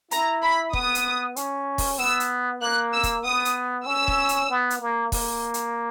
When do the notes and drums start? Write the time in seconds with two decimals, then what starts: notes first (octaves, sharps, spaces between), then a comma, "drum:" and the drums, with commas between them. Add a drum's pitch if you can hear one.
0.11 E4 A#5, drum: hi-hat
0.43 B5
0.73 B3 D#6, drum: kick
0.95 drum: hi-hat
1.36 C#4, drum: hi-hat
1.78 drum: kick, open hi-hat
1.99 B3 E6
2.20 drum: hi-hat
2.61 A#3 F#6
2.93 E6
3.03 drum: kick, hi-hat
3.24 B3 D#6
3.45 drum: hi-hat
3.86 C#4 E6
4.08 drum: kick
4.29 drum: hi-hat
4.50 B3
4.70 drum: hi-hat
4.81 A#3
5.12 A#3, drum: kick, open hi-hat
5.54 drum: hi-hat